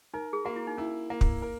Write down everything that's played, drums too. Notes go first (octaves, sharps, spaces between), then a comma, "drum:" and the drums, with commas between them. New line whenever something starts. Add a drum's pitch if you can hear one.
D#4 A#4
G#4
A#3 F#4
E4
D#4
C#4 E4
A#3
drum: kick
A#4